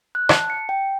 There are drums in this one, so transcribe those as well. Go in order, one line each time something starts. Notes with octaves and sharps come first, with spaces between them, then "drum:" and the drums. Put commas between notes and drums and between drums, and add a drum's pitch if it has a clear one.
F#6
A5, drum: rim click
C#7
G5